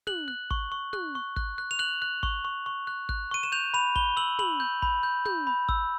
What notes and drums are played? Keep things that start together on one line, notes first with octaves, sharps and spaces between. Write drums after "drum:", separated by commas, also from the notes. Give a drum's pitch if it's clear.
F#6 F#7, drum: tom
F#6
C#6, drum: kick
C#6
F#6, drum: tom
C#6
F#6, drum: kick
F#6
F7
F#6 F#7
F#6
C#6, drum: kick
C#6
C#6
F#6
F#6, drum: kick
C#6 D#7
E7
G6 F7
B5 F7
B5 G7, drum: kick
E6 F#7
B5 F#7, drum: tom
G6
B5, drum: kick
G6
G6, drum: tom
B5
E6, drum: kick